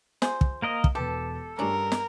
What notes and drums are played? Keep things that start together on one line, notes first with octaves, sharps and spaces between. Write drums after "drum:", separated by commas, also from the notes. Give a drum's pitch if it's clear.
F4 G#4 C5, drum: snare
drum: kick
A#3 A#4 D#5
drum: kick
E1 G4 A4 B4 A5
G2 G3 C#4 D4 A#4
drum: snare